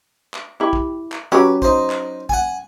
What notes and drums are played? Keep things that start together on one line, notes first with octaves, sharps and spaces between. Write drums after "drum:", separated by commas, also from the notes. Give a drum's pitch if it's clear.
drum: clap
E4 G4
drum: kick
drum: clap
F#3 C#4 G4 B4
D#4 C5, drum: kick
drum: clap
F#5 G#5, drum: kick